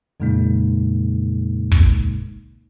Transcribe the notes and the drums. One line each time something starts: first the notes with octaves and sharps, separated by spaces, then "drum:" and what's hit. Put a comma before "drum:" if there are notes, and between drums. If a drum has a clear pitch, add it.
F2 A#2 C#3 G#3 A#3 D#4
drum: kick